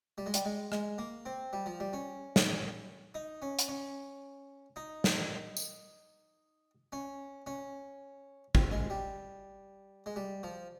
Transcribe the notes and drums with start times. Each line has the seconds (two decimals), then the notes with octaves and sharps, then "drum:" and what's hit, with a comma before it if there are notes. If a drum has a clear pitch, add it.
0.18 G3
0.26 G#3
0.34 G3, drum: hi-hat
0.45 G#3
0.72 G#3, drum: rim click
0.98 A#3
1.26 C4
1.53 G3
1.66 F3
1.80 G3
1.93 C#4
2.36 drum: snare
3.14 D#4
3.42 C#4
3.59 drum: hi-hat
3.68 C#4
4.76 D#4
5.04 drum: snare
5.57 drum: tambourine
6.92 C#4
7.47 C#4
8.55 C4, drum: kick
8.71 G#3
8.90 G3
10.06 G#3
10.16 G3
10.43 F3